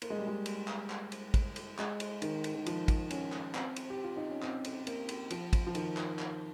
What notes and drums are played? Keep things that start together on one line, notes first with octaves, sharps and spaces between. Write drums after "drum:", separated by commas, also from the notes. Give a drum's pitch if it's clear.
A#3, drum: cymbal
G#3
G3
G#3
drum: cymbal
drum: clap
drum: clap
drum: cymbal
drum: kick, cymbal
drum: cymbal
G#3, drum: clap
drum: cymbal
D#3, drum: cymbal
drum: cymbal
D#3
F3, drum: cymbal
drum: kick, cymbal
C#4, drum: cymbal
drum: clap
C4, drum: clap
drum: cymbal
G4
F4
D#4
C#4
C4, drum: clap
drum: cymbal
A#3, drum: cymbal
drum: cymbal
F3, drum: cymbal
drum: kick, cymbal
F3
D#3, drum: cymbal
drum: clap
drum: clap